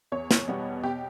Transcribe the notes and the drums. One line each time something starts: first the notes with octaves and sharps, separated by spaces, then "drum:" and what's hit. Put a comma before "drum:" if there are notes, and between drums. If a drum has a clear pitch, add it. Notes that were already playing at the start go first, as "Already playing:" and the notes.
E2 C#5
drum: snare
B2 G3 B3
B2 G4